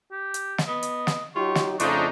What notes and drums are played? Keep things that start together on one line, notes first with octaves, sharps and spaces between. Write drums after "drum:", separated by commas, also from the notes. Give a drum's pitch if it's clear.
G4
drum: hi-hat
drum: snare
B3 D#5
drum: hi-hat
drum: snare
F#3 D#4 F4 G4 C#6
drum: snare
F2 C#3 F3 A3 D4 D#4 C#6, drum: hi-hat